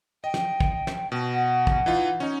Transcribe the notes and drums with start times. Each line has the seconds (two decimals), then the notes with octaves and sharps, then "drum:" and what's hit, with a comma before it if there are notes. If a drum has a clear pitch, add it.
0.24 D#5 G5
0.34 drum: snare
0.60 drum: kick
0.87 drum: snare
1.12 B2
1.32 F#5
1.67 drum: kick
1.86 E3 D#4 F4
2.20 C#4 D#4